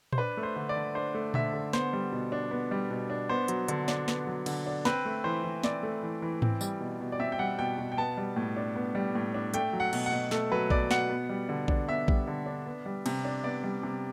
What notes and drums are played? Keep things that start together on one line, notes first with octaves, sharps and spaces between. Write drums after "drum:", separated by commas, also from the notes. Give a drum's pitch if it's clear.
C5, drum: tom A#2
D4 B4
A3
C5
D3
D5
D3
D4 C5
A3
D3 E5, drum: tom A#2
D3
B3 C5, drum: snare
G3
B2
D4
B3
G3
B2
D4
B3 C5
F#3, drum: hi-hat
D3, drum: hi-hat
D4, drum: snare
B3, drum: snare
F#3
D3, drum: cymbal
D4
C4 B4, drum: snare
A3
E3 C5
E3
C4 D5, drum: snare
A3
E3
E3
C4, drum: tom G#2
G3, drum: tambourine
B2
B2
D5
C4 E5
G5
G3 F#5
B2 G5
B2
G5
B3 A5
G3
A2
D4
B3
G3
A2
D4
A3 G5, drum: hi-hat
F#3
F#5
B2, drum: cymbal
F#5
B2
A3 A4, drum: snare
F#3 B4
B2 D5, drum: kick A#1
B2 F#5, drum: snare
B3
G3
D3
D4, drum: kick A#1
B3 E5
G3, drum: kick A#1
D3
D4
B3
G3
C3, drum: cymbal
D4
B3 D5
G3
C3